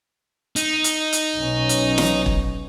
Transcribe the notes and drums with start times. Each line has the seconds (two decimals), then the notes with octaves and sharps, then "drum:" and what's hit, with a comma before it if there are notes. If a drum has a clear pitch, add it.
0.56 D#4, drum: hi-hat
0.84 drum: hi-hat
1.13 drum: hi-hat
1.35 B1 B2 C#4
1.69 drum: hi-hat
1.98 drum: snare
2.26 drum: kick